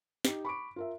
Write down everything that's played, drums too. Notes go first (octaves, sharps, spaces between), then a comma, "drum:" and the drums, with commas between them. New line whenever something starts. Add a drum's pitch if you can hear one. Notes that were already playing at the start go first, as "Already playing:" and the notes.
D#4 G4, drum: snare
B5 C#6 D6 D7
F4 A#4 E5